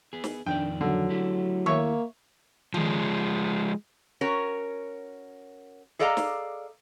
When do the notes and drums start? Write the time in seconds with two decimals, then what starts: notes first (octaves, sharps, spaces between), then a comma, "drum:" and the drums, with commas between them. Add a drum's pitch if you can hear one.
0.13 B3 G#4
0.24 drum: snare
0.46 F2 D#3 D4 D5 G5
0.81 D3 F#3
1.10 A3 E4 G4
1.66 A#3 C#5 E5 C#6, drum: tom D#3
2.74 F3 G#3, drum: tom D#3
4.21 C#4 F#4 A#4 C#5
5.99 G#4 A4 D5 D#5 F5 A#5
6.17 drum: snare